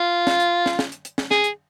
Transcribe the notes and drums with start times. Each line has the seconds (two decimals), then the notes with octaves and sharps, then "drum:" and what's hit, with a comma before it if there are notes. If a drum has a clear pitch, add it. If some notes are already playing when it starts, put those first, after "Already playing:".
Already playing: F4
0.27 drum: snare
0.40 drum: hi-hat
0.66 drum: snare
0.79 drum: snare
0.92 drum: hi-hat
1.05 drum: hi-hat
1.18 drum: snare
1.31 G#4, drum: snare
1.44 drum: hi-hat